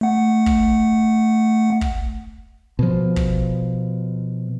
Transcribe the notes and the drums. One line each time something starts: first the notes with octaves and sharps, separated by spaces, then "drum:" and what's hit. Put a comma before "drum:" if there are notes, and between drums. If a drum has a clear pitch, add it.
A3 F#5
drum: kick
drum: kick
B2 F3
drum: kick